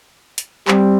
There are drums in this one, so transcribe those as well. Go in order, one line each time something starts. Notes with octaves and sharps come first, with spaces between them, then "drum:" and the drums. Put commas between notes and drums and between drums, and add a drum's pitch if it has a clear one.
drum: hi-hat
G3 C4, drum: clap